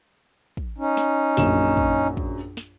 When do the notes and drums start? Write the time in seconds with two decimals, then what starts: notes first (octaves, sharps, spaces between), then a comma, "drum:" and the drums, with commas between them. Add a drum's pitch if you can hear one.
0.57 drum: kick
0.78 C#4 D#4
0.97 drum: snare
1.37 A#1 F#2 E7, drum: snare
1.77 drum: kick
2.17 drum: kick
2.57 drum: snare